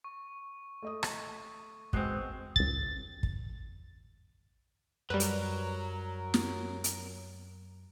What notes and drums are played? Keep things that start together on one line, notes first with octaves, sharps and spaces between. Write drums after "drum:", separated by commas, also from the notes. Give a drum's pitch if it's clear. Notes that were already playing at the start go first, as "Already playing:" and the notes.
C#6
A3 D#5 D#6
drum: rim click
G#3 B3 C4 F#4 F#6 C7, drum: kick
C#2 A6, drum: kick
drum: kick
F#2 F#3 G3 A#4 B4
drum: hi-hat
drum: snare
drum: hi-hat